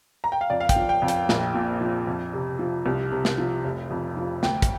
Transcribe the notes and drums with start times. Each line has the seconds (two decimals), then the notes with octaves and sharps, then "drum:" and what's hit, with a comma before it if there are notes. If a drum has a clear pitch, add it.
0.24 A#5
0.32 G5
0.41 F5
0.50 F2 D5
0.60 F5
0.69 G5, drum: kick, hi-hat
0.76 F3
0.89 G5
1.02 F2
1.08 G5, drum: hi-hat
1.29 A#1, drum: snare
1.54 A#2
1.81 F3
2.07 F2
2.33 C3
2.59 F3
2.86 C2
3.12 C3
3.25 drum: snare
3.38 F3
3.64 F1
3.91 F2
4.17 F3
4.43 D2 G5, drum: snare
4.62 drum: kick, hi-hat